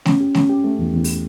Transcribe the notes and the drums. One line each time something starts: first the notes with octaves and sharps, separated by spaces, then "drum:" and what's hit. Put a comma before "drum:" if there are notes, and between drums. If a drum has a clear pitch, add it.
C#4, drum: snare A3
G4
C#4, drum: snare A3
G4
A3
E2
E2
drum: open hi-hat